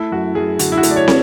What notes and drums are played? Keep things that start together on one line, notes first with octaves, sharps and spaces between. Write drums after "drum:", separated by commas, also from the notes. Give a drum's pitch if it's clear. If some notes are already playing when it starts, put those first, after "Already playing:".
Already playing: A3 E4
F#2 F#4
F#2 G#4
D3 F#4, drum: hi-hat
E4
F#4
A3, drum: hi-hat
D5
C#5
drum: snare